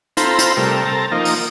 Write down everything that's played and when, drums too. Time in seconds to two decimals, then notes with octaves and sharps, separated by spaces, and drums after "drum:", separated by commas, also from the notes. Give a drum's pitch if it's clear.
0.17 C4 F4 A4 C5 A#5 B5, drum: hi-hat
0.39 drum: hi-hat
0.57 C3 G3 A3 A#4
0.85 C4 A5 A#5
1.12 F3 A#3 D#4
1.25 drum: open hi-hat